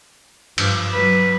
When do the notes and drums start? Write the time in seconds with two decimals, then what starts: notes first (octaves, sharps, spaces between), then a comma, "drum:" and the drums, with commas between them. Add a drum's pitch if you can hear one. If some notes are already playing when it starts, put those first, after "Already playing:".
0.58 G2 F3, drum: cymbal
0.94 F#3 B4